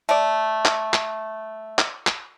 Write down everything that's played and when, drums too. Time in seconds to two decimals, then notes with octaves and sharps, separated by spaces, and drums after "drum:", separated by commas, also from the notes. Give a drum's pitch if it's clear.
0.09 A3 D5
0.65 drum: clap
0.94 drum: clap
1.79 drum: clap
2.07 drum: clap